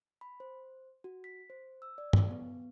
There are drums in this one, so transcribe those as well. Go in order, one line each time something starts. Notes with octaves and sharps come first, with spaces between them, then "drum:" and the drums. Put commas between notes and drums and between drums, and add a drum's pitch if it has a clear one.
B5
C5
F#4
B6
C5
E6
D5
drum: tom
B3